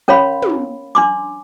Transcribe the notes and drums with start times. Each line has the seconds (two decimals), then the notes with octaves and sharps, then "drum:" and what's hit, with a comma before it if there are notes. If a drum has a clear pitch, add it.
0.08 C#4 A#4 C#5 F5 B5 C6
0.42 drum: tom
0.95 D4 C6 D6